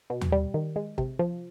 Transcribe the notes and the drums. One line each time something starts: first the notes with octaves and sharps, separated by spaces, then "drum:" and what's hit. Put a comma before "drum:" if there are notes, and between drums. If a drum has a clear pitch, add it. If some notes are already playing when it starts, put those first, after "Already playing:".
B2
drum: tom
G3
D#3
G#3
C3, drum: kick
F3